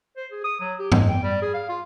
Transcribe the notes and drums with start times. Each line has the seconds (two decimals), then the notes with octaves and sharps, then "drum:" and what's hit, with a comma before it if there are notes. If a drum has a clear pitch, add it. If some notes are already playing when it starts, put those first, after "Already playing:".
0.16 C5
0.31 G#4
0.44 D#6
0.61 F#3
0.79 G4
0.92 G#3, drum: tom G#2
1.08 G5
1.23 G3
1.42 G#4
1.54 F5
1.69 F4